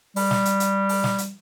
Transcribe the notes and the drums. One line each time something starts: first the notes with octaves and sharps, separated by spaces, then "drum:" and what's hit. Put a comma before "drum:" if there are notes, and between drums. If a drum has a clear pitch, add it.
G3, drum: open hi-hat
drum: snare
drum: hi-hat
drum: hi-hat
drum: open hi-hat
drum: snare
drum: hi-hat